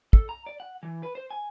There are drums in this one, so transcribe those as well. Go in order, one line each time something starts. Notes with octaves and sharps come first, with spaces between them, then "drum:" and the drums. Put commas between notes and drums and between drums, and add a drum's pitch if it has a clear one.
A4, drum: kick
A#5
D5
F#5
E3
B4
C5
G#5